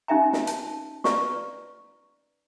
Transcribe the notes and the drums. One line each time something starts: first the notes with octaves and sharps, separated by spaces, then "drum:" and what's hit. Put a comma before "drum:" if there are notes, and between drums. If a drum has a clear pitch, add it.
C#4 D#4 G4 E5 G5 A#5
drum: snare
A5, drum: hi-hat
B4 D5 A#5 C#6, drum: snare